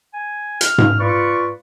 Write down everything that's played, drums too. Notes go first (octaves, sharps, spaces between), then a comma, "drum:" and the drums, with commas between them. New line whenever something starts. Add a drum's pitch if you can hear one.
G#5
F6, drum: hi-hat
drum: tom G#2
F4 B4 D5 C#6